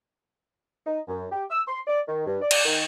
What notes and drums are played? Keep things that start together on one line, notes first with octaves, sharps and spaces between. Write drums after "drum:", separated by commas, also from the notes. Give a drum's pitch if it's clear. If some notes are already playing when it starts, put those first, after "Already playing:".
D#4
F#2
G4
E6
C6
D5
D#3
G2
D5
drum: cymbal
D#3